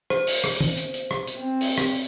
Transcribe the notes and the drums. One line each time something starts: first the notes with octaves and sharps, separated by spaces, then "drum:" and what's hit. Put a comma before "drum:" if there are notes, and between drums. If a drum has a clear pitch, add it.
C5, drum: rim click
drum: open hi-hat
drum: rim click
drum: tom
drum: hi-hat
drum: hi-hat
drum: rim click
drum: hi-hat
C4
drum: open hi-hat
drum: rim click